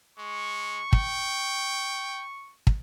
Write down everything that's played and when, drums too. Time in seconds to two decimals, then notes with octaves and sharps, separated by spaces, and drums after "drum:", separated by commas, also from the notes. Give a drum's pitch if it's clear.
0.18 G#3 C#6
0.93 G5, drum: kick
2.67 drum: kick